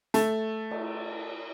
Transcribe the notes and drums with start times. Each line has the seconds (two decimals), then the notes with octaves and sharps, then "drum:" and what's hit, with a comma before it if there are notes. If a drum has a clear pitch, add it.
0.14 A3, drum: hi-hat
0.71 drum: cymbal